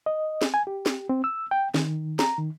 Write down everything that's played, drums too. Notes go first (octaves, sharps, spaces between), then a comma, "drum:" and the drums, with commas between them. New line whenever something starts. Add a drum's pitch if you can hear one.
D#5
drum: snare
G#5
G4
drum: snare
C4
E6
G5
D#3, drum: snare
A#5, drum: snare
D#3